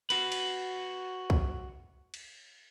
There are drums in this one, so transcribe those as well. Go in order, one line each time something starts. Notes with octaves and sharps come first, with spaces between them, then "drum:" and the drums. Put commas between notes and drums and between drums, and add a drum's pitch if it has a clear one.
F#4 B4, drum: cymbal
drum: cymbal
drum: kick B1
drum: cymbal